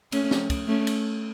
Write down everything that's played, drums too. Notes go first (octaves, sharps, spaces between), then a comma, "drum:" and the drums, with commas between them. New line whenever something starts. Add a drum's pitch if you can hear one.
A3 C#4, drum: cymbal
drum: snare
drum: kick, cymbal
A3 C#4
drum: cymbal